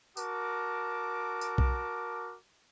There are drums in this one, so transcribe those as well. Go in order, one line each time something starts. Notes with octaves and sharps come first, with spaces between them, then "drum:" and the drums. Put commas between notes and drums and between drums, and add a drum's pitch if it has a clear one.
F#4 A#4 A5 D6, drum: tambourine
drum: tambourine
drum: kick B1